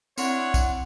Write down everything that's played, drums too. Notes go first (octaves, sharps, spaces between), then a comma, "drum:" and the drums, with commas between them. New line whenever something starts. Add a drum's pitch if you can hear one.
C4 D4 E4 C#5 F#5 C6, drum: tambourine
drum: kick, tambourine